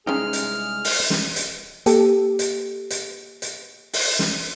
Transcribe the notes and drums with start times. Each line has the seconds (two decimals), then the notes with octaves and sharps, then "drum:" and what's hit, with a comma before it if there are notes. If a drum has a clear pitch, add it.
0.07 C2 G#3 C#4 D#4 G#4 G5 F6
0.33 drum: hi-hat
0.84 drum: open hi-hat
1.10 drum: snare
1.36 drum: hi-hat
1.86 A#3 G4 A4, drum: hi-hat
2.39 drum: hi-hat
2.90 drum: hi-hat
3.42 drum: hi-hat
3.93 drum: open hi-hat
4.19 drum: snare